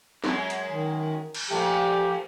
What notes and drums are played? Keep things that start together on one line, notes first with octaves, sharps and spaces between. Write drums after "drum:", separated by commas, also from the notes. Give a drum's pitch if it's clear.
F#2 G#3, drum: snare
drum: hi-hat
D#3
drum: cymbal
A#2 F3 A3 G4